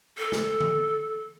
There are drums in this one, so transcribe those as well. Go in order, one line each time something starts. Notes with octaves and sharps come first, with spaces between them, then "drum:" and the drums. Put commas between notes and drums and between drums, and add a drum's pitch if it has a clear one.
A4
drum: snare
drum: tom D#3